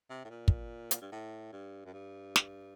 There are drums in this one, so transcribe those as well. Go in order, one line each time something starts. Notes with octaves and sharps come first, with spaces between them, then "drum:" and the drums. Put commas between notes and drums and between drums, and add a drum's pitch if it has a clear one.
C3
A2
A#2
drum: kick
drum: hi-hat
G2
A2
G2
F#2
G2
drum: snare